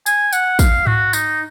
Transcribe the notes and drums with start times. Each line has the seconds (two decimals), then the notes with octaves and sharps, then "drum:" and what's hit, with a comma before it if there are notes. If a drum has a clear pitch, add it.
0.06 G#5, drum: tambourine
0.33 F#5, drum: tambourine
0.59 F5, drum: kick, tambourine
0.87 F#4, drum: tom G#2
1.13 D#4, drum: tambourine